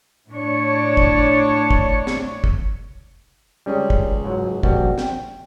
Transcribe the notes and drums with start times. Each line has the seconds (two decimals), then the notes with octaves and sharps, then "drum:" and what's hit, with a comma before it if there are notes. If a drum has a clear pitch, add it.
0.29 A2 D4 C#5
0.97 drum: kick
1.71 drum: kick
2.07 drum: snare
2.44 drum: kick
3.66 C#2 G3 C#4 G#4
3.90 drum: kick
4.25 G#2 F#3
4.63 A#1 G3 F#4, drum: kick
4.98 G5, drum: snare